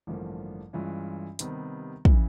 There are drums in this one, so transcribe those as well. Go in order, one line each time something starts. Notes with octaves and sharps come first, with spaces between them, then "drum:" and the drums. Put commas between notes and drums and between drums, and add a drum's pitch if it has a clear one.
A1 G2 D3 F3 A#3
G2 E3 G#3 C#4 F4
C3 D#3 G3 B3, drum: hi-hat
C#3 E3, drum: kick